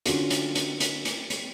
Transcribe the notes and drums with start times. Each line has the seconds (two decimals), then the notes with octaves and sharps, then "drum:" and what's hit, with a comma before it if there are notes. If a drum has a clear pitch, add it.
0.06 D3 C#4 F4 F#4, drum: hi-hat
0.30 drum: hi-hat
0.55 drum: hi-hat
0.80 drum: hi-hat
1.05 drum: hi-hat
1.30 drum: hi-hat